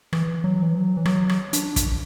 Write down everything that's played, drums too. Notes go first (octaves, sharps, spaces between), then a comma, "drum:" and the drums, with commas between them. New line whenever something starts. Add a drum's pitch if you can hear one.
E3, drum: rim click
F#3
E3
F#3
E3
F#3, drum: rim click
drum: rim click
D4, drum: hi-hat
drum: kick, hi-hat